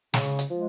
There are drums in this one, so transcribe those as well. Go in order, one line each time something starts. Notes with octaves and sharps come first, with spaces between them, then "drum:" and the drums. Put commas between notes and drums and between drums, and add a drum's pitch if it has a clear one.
C#3, drum: snare
drum: hi-hat
F3 G#3